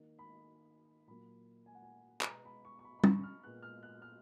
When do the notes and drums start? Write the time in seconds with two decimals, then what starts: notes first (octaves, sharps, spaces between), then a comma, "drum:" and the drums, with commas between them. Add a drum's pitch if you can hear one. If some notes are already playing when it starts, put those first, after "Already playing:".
Already playing: D#3 A#3
0.19 B5
1.07 A#2 F#3 A#3 B5
1.66 G#5
1.75 F#5
1.83 G#5
2.21 G#5, drum: clap
2.25 B2 G#3 B3 A#5
2.45 B5
2.65 C#6
2.79 C#6
2.85 B5
2.99 B5
3.04 C#6, drum: tom
3.23 F6
3.44 A#2 G#3 B3 F#6
3.63 F6
3.83 F#6
4.02 F6